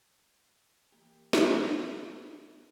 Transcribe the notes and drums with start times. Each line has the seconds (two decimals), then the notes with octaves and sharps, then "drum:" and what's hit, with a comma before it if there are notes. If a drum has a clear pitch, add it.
0.92 E3 A#3 G4
1.33 drum: snare